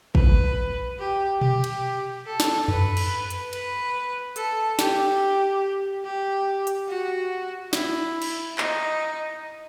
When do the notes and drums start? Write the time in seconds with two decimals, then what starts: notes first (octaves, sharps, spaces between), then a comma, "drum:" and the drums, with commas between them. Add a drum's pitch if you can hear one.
0.15 B4, drum: kick
0.99 G4
1.41 G4, drum: tom B2
1.64 drum: cymbal
2.26 A4
2.40 drum: snare
2.68 B4, drum: tom F2
2.97 drum: cymbal
3.30 drum: hi-hat
3.53 B4, drum: cymbal
4.36 A4, drum: hi-hat
4.79 G4, drum: snare
6.05 G4
6.67 drum: hi-hat
6.89 F#4
7.73 E4, drum: snare
8.22 drum: cymbal
8.58 D#4, drum: clap